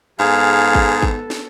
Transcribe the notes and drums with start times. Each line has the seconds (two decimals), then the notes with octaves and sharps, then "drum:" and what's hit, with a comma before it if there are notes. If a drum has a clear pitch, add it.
0.20 G#2 B3 G#4 A4 F5
0.75 drum: kick G#1
1.02 drum: kick G#1
1.30 drum: snare